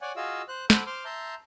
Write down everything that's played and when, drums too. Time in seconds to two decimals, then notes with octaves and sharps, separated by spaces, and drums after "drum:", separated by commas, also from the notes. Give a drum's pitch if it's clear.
0.01 C#5 D5 F#5 G#5
0.16 F4 F#4 G#4 D#5 F5 E6
0.48 C5 F#6
0.70 A4 C5 F#5 B5 D6 G6, drum: snare
0.86 C5 C6 D6 F6
1.05 E5 A5 A#5 C6 G6